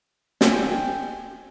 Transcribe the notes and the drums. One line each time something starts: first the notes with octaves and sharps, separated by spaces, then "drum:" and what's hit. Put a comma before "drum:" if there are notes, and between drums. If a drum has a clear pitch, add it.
G5 G#5, drum: snare